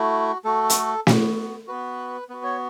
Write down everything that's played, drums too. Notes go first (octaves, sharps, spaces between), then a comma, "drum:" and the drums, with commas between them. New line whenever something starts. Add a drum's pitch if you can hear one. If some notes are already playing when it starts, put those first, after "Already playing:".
Already playing: A3 E4 F#4
A3 F#4 A4
drum: hi-hat
B3 F#4, drum: snare
B3 F#4 B4
B3 F#4 B4
C#5